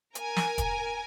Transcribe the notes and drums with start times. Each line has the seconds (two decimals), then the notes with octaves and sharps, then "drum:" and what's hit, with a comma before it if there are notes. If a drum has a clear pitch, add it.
0.15 A#4 G#5, drum: hi-hat
0.37 drum: snare
0.58 drum: kick, hi-hat